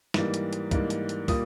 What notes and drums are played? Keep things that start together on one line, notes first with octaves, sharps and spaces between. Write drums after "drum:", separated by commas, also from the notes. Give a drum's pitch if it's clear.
G#2 E3 G3 A#3, drum: snare
drum: hi-hat
drum: hi-hat
G#2 E3 G3 A#3, drum: kick, hi-hat
drum: hi-hat
drum: hi-hat
A#2 G3 A#3 D#6, drum: kick, open hi-hat